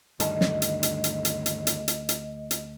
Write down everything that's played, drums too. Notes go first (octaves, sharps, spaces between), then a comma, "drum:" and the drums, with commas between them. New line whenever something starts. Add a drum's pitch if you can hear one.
D2 G2 D#3 D#5 A5, drum: hi-hat
drum: snare
drum: hi-hat
drum: hi-hat
drum: hi-hat
drum: hi-hat
drum: hi-hat
drum: hi-hat
drum: hi-hat
drum: hi-hat
drum: hi-hat